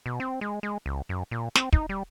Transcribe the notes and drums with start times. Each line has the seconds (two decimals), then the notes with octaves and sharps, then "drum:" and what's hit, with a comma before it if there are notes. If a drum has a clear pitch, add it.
0.06 B2
0.20 C4
0.41 G#3
0.63 G#3
0.86 C#2
1.09 F#2
1.31 A#2
1.55 C4, drum: snare
1.73 D#4, drum: kick
1.89 G3